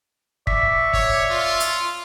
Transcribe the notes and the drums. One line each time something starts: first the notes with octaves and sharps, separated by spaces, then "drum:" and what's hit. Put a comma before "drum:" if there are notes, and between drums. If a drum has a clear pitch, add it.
D5 E5 C#6 B6, drum: kick
C#5, drum: kick
F4
drum: hi-hat